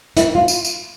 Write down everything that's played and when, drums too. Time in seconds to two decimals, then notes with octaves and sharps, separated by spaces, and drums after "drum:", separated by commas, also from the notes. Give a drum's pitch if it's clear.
0.17 E4, drum: hi-hat
0.35 F4
0.48 drum: tambourine
0.65 drum: tambourine